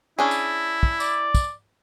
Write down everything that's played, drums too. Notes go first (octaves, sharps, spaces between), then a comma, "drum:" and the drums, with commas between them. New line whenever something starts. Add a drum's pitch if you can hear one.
C#4 D4 E4 G#4
drum: tambourine
drum: kick
D5, drum: tambourine
drum: kick, tambourine